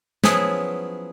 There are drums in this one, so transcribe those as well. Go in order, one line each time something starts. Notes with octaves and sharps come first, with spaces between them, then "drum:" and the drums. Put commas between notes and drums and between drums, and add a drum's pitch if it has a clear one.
F3 F#3 B3 C#4 E4 G#4, drum: snare